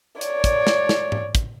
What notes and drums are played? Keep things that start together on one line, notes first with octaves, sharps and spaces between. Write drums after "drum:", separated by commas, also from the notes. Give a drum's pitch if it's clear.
C#5 D5, drum: hi-hat
drum: kick, hi-hat
drum: snare
drum: snare
drum: tom G#2
drum: kick, hi-hat